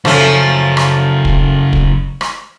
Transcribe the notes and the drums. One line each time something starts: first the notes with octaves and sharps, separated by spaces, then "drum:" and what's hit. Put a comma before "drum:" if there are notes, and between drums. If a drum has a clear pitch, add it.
C#3 F3 F#3 A3 C#4, drum: rim click
drum: rim click
drum: kick
drum: kick
drum: rim click